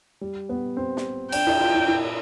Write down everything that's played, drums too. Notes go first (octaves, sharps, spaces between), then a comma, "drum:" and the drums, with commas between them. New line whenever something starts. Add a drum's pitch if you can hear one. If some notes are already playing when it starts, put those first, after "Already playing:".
G3
B3
C4
drum: snare
D4 G5, drum: cymbal
E4, drum: cymbal
F4
E4
E4